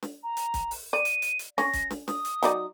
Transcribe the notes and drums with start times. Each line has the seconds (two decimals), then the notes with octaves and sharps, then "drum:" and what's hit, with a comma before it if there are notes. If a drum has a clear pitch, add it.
0.03 drum: snare
0.23 A#5
0.37 drum: hi-hat
0.54 drum: kick, hi-hat
0.71 drum: open hi-hat
0.93 D5 D#7
1.05 drum: hi-hat
1.22 drum: hi-hat
1.39 drum: hi-hat
1.58 C#4 A#6, drum: snare
1.73 drum: kick, hi-hat
1.91 drum: snare
2.08 D#6, drum: snare
2.25 drum: hi-hat
2.43 F#3 D#4 D5, drum: hi-hat